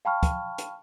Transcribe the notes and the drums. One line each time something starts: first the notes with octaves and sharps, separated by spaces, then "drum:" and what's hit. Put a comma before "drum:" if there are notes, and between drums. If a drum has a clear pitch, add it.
F5 G5 A5 B5 C#6 F6
drum: kick, hi-hat
drum: hi-hat